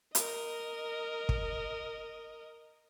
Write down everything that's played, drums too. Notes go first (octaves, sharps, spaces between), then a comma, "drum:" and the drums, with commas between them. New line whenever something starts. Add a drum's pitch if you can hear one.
A#4 D#5, drum: hi-hat
drum: kick